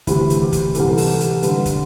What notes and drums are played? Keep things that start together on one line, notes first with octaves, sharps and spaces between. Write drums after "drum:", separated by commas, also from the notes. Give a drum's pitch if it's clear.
D2 C3 E3 E4, drum: kick, hi-hat
drum: hi-hat
G4
drum: kick, hi-hat
C2 C3 E3 A4, drum: hi-hat
A4, drum: open hi-hat
drum: hi-hat
A4
G2 D3 B4, drum: hi-hat
drum: kick, hi-hat